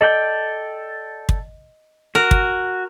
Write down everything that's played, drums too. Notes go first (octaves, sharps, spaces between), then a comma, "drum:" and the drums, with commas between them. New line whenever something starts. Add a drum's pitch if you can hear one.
A4 D5 D#5 G5
drum: kick
F#4 A#4
drum: kick